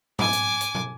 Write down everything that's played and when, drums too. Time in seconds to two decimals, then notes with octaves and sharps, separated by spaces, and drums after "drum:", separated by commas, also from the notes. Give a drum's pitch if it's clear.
0.19 G#5 D6, drum: tom G#2
0.33 drum: hi-hat
0.61 drum: hi-hat
0.75 drum: tom